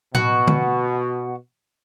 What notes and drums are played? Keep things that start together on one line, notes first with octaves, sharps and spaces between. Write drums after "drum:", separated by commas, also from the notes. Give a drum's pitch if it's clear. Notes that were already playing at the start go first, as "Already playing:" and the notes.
B2 F#4, drum: tom A2
drum: tom D3